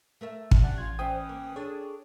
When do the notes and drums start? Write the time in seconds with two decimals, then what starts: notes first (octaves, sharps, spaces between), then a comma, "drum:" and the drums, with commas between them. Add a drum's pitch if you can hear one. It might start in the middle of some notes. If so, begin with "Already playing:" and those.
0.21 A3 A#4 E5
0.51 drum: kick
0.62 C#4 D4 G4 D5 F#5
0.78 A1 F4 G#6
0.99 E3 C#4 C5 D5 E5 G5 D#6
1.29 A#3
1.56 D4 G#4 A4 C#5